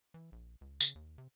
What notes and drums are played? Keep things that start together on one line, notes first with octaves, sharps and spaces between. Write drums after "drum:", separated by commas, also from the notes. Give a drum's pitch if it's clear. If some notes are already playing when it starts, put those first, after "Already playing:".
E3
A#1
C#2
C#3, drum: tambourine
D#2
C3